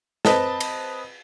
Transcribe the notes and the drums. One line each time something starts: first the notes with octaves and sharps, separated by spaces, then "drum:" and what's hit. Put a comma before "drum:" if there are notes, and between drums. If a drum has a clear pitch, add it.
C4 B4 D#5 A5, drum: snare
drum: cymbal